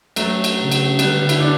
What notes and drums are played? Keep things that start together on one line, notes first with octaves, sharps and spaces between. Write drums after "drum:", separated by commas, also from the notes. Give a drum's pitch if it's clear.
F#3 A3, drum: cymbal
drum: cymbal
C#3
drum: cymbal
D3 G3 B3, drum: cymbal
E4, drum: cymbal
B3 D4